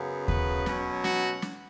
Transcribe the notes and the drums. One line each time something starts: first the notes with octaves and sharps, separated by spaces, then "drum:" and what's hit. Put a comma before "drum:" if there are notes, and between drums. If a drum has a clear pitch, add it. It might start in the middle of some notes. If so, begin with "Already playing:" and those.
Already playing: F#2 C#3 B3
B4, drum: kick D#2
B2 F#3 C#4, drum: snare
F#4, drum: snare
drum: snare